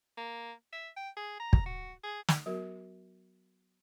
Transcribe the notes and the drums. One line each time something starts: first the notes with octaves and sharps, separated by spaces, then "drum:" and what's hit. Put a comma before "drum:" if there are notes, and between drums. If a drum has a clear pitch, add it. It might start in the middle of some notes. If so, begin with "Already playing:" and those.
A#3
E5
G5
G#4
A#5
drum: kick
F#4
G#4
drum: snare
F#3 B3 F#4 A#4